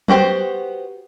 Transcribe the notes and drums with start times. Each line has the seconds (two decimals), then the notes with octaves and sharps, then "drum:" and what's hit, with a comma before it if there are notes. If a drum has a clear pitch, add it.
0.08 B3 F#4 G4 C5, drum: tom F#3